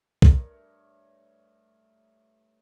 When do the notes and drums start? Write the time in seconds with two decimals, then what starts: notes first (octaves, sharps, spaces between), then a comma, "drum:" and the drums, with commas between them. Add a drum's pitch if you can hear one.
0.22 G2 A3 A#4 C#5, drum: kick B1